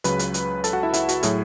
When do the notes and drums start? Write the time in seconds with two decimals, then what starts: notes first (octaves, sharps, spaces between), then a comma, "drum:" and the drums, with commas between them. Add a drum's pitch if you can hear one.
0.04 C#2 C#3 F#3 B4 B5, drum: hi-hat
0.19 drum: hi-hat
0.34 drum: hi-hat
0.64 A4 A5, drum: hi-hat
0.73 F#4 F#5
0.83 E4 E5
0.94 E4 E5, drum: hi-hat
1.09 F#4, drum: hi-hat
1.23 A2 F#3 G#4, drum: hi-hat